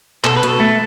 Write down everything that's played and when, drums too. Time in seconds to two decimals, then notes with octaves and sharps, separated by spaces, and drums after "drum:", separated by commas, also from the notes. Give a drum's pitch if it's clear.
0.24 B2 A4, drum: clap
0.36 B4
0.43 B2, drum: hi-hat
0.49 A4
0.60 A3